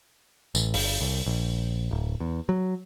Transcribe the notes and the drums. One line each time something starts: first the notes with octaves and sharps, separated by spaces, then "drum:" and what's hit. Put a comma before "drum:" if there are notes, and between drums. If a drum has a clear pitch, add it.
A1, drum: tambourine
G1, drum: open hi-hat
C2
A#1
D1
E2
F#3